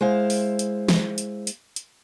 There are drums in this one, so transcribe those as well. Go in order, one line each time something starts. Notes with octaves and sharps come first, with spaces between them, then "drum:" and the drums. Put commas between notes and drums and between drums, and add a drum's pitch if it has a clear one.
G#3 E4 C5 F5
drum: open hi-hat
drum: hi-hat
drum: snare
drum: hi-hat
drum: hi-hat
drum: hi-hat